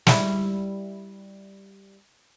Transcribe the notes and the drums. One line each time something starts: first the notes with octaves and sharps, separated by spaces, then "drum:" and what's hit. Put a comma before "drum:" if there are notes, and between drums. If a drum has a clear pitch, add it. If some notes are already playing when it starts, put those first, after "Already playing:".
G3 E4, drum: snare